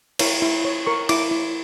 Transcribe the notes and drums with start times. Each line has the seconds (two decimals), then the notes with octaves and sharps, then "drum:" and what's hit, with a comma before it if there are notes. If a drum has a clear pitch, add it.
0.19 E4 C#5, drum: cymbal
0.42 E4
0.65 C#5
0.86 A#4 C#6
1.09 E4 D6, drum: cymbal
1.31 E4